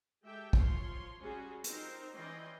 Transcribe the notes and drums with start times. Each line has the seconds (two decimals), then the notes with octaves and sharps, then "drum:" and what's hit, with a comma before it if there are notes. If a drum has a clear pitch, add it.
0.23 G#3 G4 A4 E5 G5
0.53 F3 F4 C#5 C6, drum: kick
1.19 G3 C#4 F#4 G#4
1.64 C4 D#4 F4 A#4 C5, drum: hi-hat
2.14 E3 C#4 D5 D#5 G5 C6